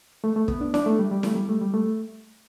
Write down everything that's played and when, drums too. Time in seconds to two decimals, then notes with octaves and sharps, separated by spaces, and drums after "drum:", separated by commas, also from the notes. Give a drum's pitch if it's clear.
0.24 A3
0.36 A3
0.48 B3, drum: kick
0.61 D4
0.74 D4, drum: snare E4
0.86 A3
0.99 G3
1.11 G3
1.23 A3, drum: snare E4
1.36 G3
1.49 A3
1.61 G3
1.74 A3